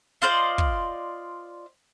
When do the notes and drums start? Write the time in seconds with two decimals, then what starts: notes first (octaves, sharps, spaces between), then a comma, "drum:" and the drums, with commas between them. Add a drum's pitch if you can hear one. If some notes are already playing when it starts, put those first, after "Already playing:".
0.22 F4 C5 D5 D#5
0.58 drum: kick